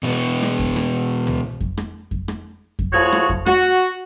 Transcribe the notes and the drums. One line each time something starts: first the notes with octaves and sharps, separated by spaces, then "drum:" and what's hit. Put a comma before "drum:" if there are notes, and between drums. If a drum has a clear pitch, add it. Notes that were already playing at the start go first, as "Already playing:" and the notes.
B2 E3 B3
drum: rim click
drum: kick F2
drum: rim click
drum: tom
drum: kick F2
drum: rim click
drum: kick F2
drum: rim click
drum: kick F2
A2 F3 F#4 G#4 C#5
drum: rim click
drum: kick F2
F#4, drum: rim click